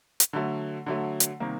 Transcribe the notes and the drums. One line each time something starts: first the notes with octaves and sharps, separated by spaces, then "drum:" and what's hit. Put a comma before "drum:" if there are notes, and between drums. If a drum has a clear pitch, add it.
drum: hi-hat
D3 F#3 A3
D3 F#3 A3
drum: hi-hat
C3 D#3 G3 A#3